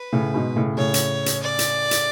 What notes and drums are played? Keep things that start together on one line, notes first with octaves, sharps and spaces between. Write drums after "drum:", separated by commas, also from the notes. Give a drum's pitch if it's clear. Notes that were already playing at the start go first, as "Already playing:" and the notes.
Already playing: B4
A2 C#3
G#2 B2
A2 C#3
A2 C#3 C#5
drum: hi-hat
drum: hi-hat
D5
drum: hi-hat
drum: hi-hat